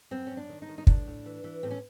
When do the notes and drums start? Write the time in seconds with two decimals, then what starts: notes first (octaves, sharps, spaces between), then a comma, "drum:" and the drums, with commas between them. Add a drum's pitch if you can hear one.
0.11 F#2 C4
0.27 F#2 C#4
0.37 D4
0.49 D#3
0.62 D#4
0.69 D#3
0.78 D#4
0.87 A2 D4, drum: kick
1.07 A2
1.26 E3
1.44 E3
1.63 A2 C4
1.71 C#4